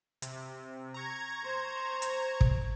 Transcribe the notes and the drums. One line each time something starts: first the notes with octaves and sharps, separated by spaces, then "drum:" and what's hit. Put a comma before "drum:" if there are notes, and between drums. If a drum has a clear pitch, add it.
C3, drum: hi-hat
A#5 C#6 G#6
C5
drum: hi-hat
drum: kick